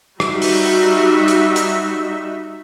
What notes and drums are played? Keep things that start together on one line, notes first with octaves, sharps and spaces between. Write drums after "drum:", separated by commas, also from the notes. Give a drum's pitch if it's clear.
G3 D#4 F#4 E5, drum: rim click
drum: open hi-hat
drum: hi-hat
drum: hi-hat